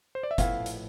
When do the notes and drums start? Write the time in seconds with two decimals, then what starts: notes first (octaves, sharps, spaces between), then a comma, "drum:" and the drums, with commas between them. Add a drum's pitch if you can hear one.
0.15 C5
0.23 D5
0.31 E5
0.38 A2 F3 B3 E4 A4 F5, drum: kick F#1, hi-hat
0.66 drum: hi-hat